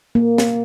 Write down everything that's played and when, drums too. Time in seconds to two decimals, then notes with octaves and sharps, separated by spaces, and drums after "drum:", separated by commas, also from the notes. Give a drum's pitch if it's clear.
0.15 A#3
0.38 drum: snare